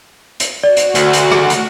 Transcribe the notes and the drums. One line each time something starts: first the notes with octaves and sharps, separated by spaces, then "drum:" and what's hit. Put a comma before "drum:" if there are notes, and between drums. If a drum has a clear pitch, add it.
drum: hi-hat
F#4 D5
drum: hi-hat
D2, drum: hi-hat
drum: hi-hat
drum: rim click
drum: hi-hat